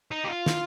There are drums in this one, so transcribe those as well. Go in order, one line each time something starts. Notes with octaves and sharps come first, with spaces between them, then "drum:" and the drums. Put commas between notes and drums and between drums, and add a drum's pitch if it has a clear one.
D#4
G4
F4
drum: snare